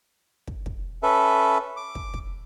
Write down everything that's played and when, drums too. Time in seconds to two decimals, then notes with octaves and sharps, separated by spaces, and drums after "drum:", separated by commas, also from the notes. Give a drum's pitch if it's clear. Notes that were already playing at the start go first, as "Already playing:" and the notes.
0.47 drum: kick
0.66 drum: kick
1.03 C#4 A4 B4 E5
1.77 D6
1.95 drum: kick
2.14 drum: kick